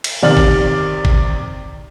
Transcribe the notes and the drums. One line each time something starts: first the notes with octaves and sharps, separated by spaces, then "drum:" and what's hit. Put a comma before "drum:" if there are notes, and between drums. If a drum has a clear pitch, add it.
drum: cymbal
C3 D#3 D5 F6 F#7
drum: kick
drum: kick